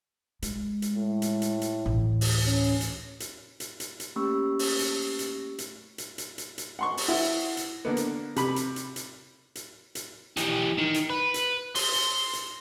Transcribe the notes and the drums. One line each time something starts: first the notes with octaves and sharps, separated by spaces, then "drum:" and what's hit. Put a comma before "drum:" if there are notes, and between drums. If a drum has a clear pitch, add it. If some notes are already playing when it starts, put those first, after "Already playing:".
G#3, drum: hi-hat
drum: hi-hat
A2
drum: hi-hat
drum: hi-hat
drum: hi-hat
A1 D2
drum: open hi-hat
C#4
drum: hi-hat
drum: hi-hat
drum: hi-hat
drum: hi-hat
drum: hi-hat
A3 A#3 C#4 G4 C#6 E6
drum: open hi-hat
drum: hi-hat
drum: hi-hat
drum: hi-hat
drum: hi-hat
drum: hi-hat
drum: hi-hat
drum: hi-hat
F#5 C6 C#6
drum: open hi-hat
E4 F#5
drum: hi-hat
D3 A#3 B3
drum: hi-hat
C3 B5, drum: hi-hat
drum: hi-hat
drum: hi-hat
drum: hi-hat
drum: hi-hat
drum: hi-hat
E3 G4, drum: hi-hat
D#3
drum: hi-hat
B4
drum: hi-hat
C6, drum: open hi-hat
drum: hi-hat
drum: hi-hat